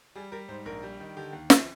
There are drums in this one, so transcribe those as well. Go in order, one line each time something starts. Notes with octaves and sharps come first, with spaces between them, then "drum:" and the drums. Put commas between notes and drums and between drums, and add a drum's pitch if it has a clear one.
G3 G#4
G3 A#4
G#2 C5
A#1 A#4
G3
D#3
D3 G4
D#2
F3, drum: snare